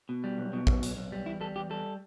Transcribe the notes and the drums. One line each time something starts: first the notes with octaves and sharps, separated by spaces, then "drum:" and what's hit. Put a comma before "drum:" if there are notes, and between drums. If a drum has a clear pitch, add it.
B2
G3
B1
B2
B1, drum: kick
B1, drum: hi-hat
B1
G3
E2 E4
G3 A4
E2 G4
G3 A4